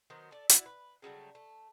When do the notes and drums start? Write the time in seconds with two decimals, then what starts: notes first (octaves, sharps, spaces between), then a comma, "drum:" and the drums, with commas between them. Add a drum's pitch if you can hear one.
0.10 D#3 F#3 B3 C5
0.31 A3 D5
0.49 E4 F#4 D5, drum: hi-hat
0.66 B4
1.02 C#3 F#3 G3 A3
1.35 A3